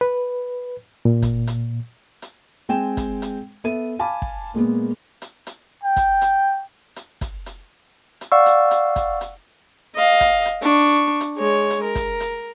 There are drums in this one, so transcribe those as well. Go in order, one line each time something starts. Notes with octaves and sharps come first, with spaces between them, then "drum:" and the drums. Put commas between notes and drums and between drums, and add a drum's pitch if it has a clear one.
B4
A#2
drum: kick, hi-hat
drum: hi-hat
drum: hi-hat
G#3 C4 G5 G#5 E7
drum: kick, hi-hat
drum: hi-hat
B3 A4 E5 D#7
F5 G#5 A5 B5 D6
drum: kick
A#2 G#3 A#3 B3
drum: hi-hat
drum: hi-hat
G5
drum: kick, hi-hat
drum: hi-hat
drum: hi-hat
drum: kick, hi-hat
drum: hi-hat
drum: hi-hat
D5 F5 F#5 C#6 E6
drum: hi-hat
drum: hi-hat
drum: kick, hi-hat
drum: hi-hat
D#5 F5
drum: kick, hi-hat
drum: hi-hat
D4 C#6
drum: hi-hat
G#3 C#5
drum: hi-hat
A#4
drum: kick, hi-hat
drum: hi-hat